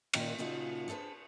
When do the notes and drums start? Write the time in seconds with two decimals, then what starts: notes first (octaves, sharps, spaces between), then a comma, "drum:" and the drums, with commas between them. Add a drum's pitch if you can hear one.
0.13 A#2 D#3 C#4 A#4 G5, drum: cymbal
0.39 A#2 C#3 D#4 F4 F#4 A4
0.88 D4 G#4 A4 B4 C5